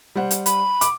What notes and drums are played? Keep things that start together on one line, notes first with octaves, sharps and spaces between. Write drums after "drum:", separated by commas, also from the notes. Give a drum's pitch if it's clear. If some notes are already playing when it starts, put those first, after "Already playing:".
G3 C5 F#5
drum: hi-hat
B5, drum: hi-hat
D6, drum: hi-hat